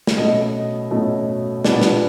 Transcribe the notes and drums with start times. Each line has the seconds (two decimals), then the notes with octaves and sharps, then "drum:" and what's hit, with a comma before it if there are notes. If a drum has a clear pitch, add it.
0.07 drum: snare
0.18 B2 F#3 A3 C#4 D#5
0.91 B2 F#3 A3 C#4
1.65 A#2 G3 B3 D4 D5, drum: snare
1.81 drum: snare